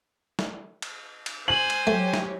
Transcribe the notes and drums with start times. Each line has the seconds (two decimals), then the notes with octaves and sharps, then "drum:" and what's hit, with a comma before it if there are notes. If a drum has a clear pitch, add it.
0.39 drum: snare
0.82 drum: cymbal
1.26 drum: cymbal
1.48 C5 G#5 F#7
1.70 drum: cymbal
1.87 F#3 A3 G4 C#5
2.14 drum: snare